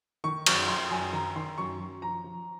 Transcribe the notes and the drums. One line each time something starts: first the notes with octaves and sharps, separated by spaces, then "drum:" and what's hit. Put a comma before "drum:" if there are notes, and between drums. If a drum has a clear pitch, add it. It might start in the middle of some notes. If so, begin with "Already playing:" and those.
D#3 C#6
F#2 C#6, drum: cymbal
F#2 C6
F#2 G#5
D#3 A#5
D#3 C6
F#2 C#6
F#2
F3 A#5
F3